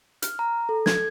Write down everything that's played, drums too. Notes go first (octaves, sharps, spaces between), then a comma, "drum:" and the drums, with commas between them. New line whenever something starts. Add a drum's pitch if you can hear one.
F6, drum: hi-hat
A#5
A4
G#6, drum: snare